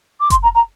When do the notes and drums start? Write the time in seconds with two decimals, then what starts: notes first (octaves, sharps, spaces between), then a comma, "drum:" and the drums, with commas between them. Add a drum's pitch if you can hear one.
0.19 D6
0.30 C6, drum: kick F#1, hi-hat
0.42 A#5
0.54 A#5